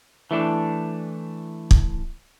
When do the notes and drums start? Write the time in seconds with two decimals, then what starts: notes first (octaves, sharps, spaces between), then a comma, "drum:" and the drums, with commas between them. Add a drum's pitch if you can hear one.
0.31 E3 A3 D4
1.71 drum: kick